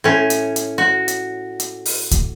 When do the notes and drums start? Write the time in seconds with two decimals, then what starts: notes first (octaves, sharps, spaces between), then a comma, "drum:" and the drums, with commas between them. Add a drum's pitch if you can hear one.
0.04 A2 C#4
0.30 drum: hi-hat
0.56 drum: hi-hat
0.78 F#4
1.08 drum: hi-hat
1.60 drum: hi-hat
1.85 drum: open hi-hat
2.11 drum: kick C#2, hi-hat